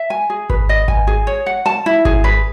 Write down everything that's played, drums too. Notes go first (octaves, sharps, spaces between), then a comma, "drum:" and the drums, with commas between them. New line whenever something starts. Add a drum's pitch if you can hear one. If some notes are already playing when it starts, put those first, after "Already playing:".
Already playing: E5
G#5
G#4
B4, drum: kick G#1
D#5
G#5, drum: kick G#1
G#4
C#5
F#5
A5
E4
G#4, drum: kick G#1
B4